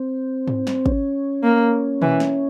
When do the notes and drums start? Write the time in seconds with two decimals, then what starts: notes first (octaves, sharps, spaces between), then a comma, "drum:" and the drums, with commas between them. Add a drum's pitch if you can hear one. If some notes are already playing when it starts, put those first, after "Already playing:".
Already playing: C4
0.48 drum: tom G#2
0.67 drum: snare
0.86 C#4, drum: kick
1.43 A#3
2.02 E3, drum: tom B2
2.20 drum: snare